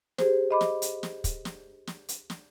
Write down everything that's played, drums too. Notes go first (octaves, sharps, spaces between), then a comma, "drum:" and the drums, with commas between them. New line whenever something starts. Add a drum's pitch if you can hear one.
G4 G#4 C5, drum: snare
D#5 B5 D6
drum: snare
drum: hi-hat
drum: snare
drum: kick, hi-hat
drum: snare
drum: snare
drum: hi-hat
drum: snare